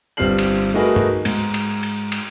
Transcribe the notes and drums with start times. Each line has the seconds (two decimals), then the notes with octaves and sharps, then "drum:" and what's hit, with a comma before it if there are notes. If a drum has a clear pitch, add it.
0.17 G1 G3 C4 F6 C7 F#7
0.38 drum: cymbal
0.74 A3 D#4 F#4 G#4 A#4 B4
0.96 drum: tom
1.25 G#2, drum: cymbal
1.54 drum: cymbal
1.83 drum: cymbal
2.12 drum: cymbal